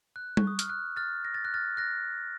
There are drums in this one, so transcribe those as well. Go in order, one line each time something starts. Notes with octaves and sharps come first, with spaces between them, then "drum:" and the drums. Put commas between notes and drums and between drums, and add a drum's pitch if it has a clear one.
F#6
C#6, drum: tom G3
D#6
F6, drum: hi-hat
F#6
F6 A6
A#6
A6
F#6
F6 A6
F#6 A#6